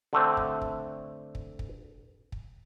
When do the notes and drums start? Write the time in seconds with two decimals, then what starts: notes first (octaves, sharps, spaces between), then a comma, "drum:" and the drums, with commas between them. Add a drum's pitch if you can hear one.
0.13 D3 A3 C4
0.37 drum: kick
0.62 drum: kick
1.35 drum: kick
1.59 drum: kick
2.32 drum: kick